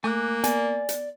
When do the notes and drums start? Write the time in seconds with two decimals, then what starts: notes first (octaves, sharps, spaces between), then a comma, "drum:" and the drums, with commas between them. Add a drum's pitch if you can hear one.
0.04 A3 A#3 G#5 D6 F#6
0.44 B3 D5 G#5, drum: hi-hat
0.89 drum: hi-hat